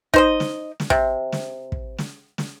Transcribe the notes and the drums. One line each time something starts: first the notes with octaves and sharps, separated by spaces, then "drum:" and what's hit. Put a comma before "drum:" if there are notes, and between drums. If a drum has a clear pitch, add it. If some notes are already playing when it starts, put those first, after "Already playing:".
D#4 C5 D#5, drum: kick
drum: snare
drum: snare
C3, drum: kick
drum: snare
drum: kick
drum: snare
drum: snare